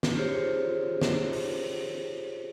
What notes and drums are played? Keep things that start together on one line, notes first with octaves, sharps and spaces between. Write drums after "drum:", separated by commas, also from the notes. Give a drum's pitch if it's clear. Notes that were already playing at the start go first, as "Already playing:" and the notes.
drum: snare
F4 G4 G#4 C5 C#5
drum: snare
drum: open hi-hat